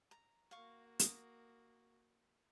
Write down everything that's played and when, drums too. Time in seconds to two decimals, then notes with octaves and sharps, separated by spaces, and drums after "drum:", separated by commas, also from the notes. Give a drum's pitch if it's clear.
0.11 A#5
0.51 A#3 F#4 F5 C#6
0.99 D#6, drum: hi-hat